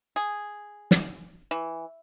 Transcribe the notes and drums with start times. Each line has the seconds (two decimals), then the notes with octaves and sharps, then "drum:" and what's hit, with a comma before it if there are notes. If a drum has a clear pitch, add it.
0.16 G#4
0.91 drum: snare
1.51 E3